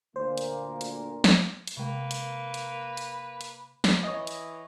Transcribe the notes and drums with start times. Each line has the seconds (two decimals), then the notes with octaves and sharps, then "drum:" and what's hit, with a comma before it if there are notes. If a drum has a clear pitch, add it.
0.16 D2 A#2 A#3 C5
0.38 drum: hi-hat
0.81 drum: hi-hat
1.24 drum: snare
1.67 drum: hi-hat
1.77 C3 G#3 A#3 B4
2.11 drum: hi-hat
2.54 drum: hi-hat
2.97 drum: hi-hat
3.41 drum: hi-hat
3.84 drum: snare
4.03 E3 C#5 D#5
4.27 drum: hi-hat